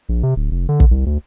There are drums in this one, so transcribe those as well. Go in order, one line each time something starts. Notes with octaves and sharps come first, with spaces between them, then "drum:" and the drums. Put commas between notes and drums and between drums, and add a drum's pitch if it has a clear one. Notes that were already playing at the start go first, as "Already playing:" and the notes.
A#1
C3
D1
F1
D3
drum: kick
C2
D2